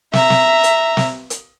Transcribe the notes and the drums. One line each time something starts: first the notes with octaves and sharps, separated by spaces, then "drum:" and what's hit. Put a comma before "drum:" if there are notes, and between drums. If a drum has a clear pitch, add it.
E5 A#5, drum: snare
drum: snare
drum: hi-hat
drum: snare
drum: hi-hat